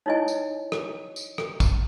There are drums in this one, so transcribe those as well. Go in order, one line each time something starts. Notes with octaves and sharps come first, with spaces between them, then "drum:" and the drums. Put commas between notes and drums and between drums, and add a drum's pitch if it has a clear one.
D#4 E4 C#5 D#5 G#5
drum: tambourine
drum: rim click
drum: tambourine
drum: rim click
drum: kick, tambourine